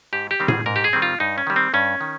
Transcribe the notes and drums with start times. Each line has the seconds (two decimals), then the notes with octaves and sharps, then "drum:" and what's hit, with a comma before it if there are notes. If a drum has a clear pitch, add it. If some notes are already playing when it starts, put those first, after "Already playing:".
0.13 G#2 G4
0.31 G4
0.40 D#3 G3 C4
0.48 G#4, drum: tom A2
0.66 G#2 A#4
0.76 G4
0.84 G#4
0.93 D#3 G3 C4
1.02 F4
1.20 G2 D#4
1.38 C#4
1.47 D#3 G3
1.56 C4
1.74 G2 C#4
2.01 D#3